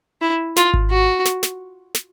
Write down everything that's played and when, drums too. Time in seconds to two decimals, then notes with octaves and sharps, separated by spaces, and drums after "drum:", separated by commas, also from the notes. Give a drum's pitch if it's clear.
0.21 E4
0.56 F4, drum: snare
0.74 drum: kick G#1
0.90 F#4
1.25 drum: snare
1.43 drum: snare
1.95 drum: snare